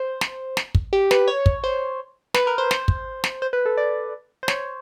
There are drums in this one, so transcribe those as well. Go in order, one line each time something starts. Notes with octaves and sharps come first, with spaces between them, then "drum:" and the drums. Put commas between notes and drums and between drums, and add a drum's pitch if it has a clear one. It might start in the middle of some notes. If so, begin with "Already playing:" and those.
Already playing: C5
drum: snare
drum: snare
drum: kick
G4
B4, drum: snare
C#5
drum: kick
C5
B4, drum: snare
A#4
C5
C5, drum: snare
drum: kick
drum: snare
C5
B4
A4
D5
C5
C#5, drum: snare